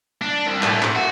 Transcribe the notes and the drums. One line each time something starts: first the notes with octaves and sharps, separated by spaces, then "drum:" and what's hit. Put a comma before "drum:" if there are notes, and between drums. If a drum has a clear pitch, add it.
D4
C2
A2, drum: clap
drum: clap
F#4